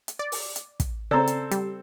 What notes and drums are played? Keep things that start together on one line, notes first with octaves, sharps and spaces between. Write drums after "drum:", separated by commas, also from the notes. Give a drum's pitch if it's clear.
drum: hi-hat
D5
drum: open hi-hat
drum: hi-hat
drum: kick, hi-hat
C#3 C4 A4 D5 A#5
drum: hi-hat
G3, drum: hi-hat